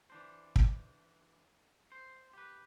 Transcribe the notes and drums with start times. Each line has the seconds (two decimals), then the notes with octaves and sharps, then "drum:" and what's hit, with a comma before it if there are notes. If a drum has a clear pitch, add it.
0.10 E3 D4 C5
0.56 drum: kick
1.92 C5
2.33 G4 B4